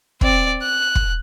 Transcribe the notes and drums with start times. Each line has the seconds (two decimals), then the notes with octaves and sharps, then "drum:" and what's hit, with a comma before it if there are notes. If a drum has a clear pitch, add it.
0.21 C4 D5, drum: kick
0.62 F#6
0.95 drum: kick